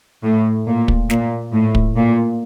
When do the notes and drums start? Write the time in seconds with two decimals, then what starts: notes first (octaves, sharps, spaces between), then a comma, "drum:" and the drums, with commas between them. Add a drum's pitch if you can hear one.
0.24 A2
0.67 A#2
0.88 drum: kick
1.10 A#2, drum: snare
1.53 A2
1.75 drum: kick
1.97 A#2